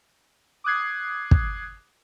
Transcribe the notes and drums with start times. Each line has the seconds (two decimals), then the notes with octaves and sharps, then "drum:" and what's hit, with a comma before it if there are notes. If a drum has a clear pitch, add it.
0.64 D6 D#6 F#6 G#6 C7
1.31 drum: kick